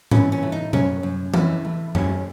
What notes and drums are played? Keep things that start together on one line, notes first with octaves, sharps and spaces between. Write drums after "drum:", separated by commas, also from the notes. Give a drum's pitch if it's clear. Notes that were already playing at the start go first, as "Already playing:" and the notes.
E3 C#4, drum: tom G#2
C#4
A3
D#4
F#2 C#4, drum: tom B2
F#2
E3 E4, drum: tom E3
A3
F#2 C#4, drum: tom F#2